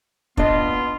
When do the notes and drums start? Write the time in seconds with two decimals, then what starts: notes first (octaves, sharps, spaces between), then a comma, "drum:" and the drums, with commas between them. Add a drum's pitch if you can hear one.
0.37 B3 D4 F4 D#5, drum: kick